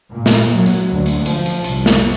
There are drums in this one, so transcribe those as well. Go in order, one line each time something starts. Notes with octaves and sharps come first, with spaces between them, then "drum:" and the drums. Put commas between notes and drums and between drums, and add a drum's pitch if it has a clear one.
A#2
drum: snare
F#3
drum: hi-hat
D2
drum: hi-hat
F3, drum: hi-hat
drum: hi-hat
C2, drum: hi-hat
drum: snare